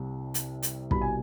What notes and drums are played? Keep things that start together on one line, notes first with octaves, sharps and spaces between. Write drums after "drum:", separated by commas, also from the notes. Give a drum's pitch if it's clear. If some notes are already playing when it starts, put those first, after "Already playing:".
Already playing: C2 C3 G3
drum: hi-hat
drum: hi-hat
C2 B2 G3 B5, drum: kick
G#5